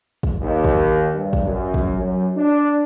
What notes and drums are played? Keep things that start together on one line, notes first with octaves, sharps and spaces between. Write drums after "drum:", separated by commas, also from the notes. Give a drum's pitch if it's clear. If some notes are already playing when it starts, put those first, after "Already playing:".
drum: kick
D#2
drum: kick
G2
drum: kick
F#2
drum: kick
F#2
D4